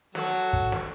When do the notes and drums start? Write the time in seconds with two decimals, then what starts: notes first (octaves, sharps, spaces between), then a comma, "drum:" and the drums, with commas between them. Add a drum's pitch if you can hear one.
0.15 F#3 F#4 A4, drum: snare
0.53 drum: kick
0.72 drum: snare